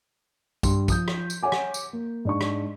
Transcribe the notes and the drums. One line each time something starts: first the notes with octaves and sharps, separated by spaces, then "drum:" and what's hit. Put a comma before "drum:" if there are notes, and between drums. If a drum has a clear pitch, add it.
G2 C6, drum: kick A#1, tambourine
F3 D#6 G6, drum: kick A#1, tambourine
drum: rim click
drum: tambourine
C#5 F#5 G#5 D6
drum: rim click
drum: tambourine
A#3
G#2 D4 C#6
drum: rim click